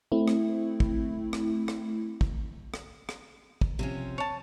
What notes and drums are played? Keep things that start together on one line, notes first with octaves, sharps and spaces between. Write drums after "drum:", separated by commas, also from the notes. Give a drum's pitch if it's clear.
A3 C4 E4
drum: rim click
drum: kick
drum: rim click
drum: rim click
drum: kick
drum: rim click
drum: rim click
drum: kick
C3 F3 C#4
C#5 A5